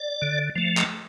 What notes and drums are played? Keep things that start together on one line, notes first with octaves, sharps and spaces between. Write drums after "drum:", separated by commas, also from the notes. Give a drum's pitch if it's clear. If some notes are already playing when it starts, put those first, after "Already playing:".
Already playing: D5
D3
F3 A3
drum: clap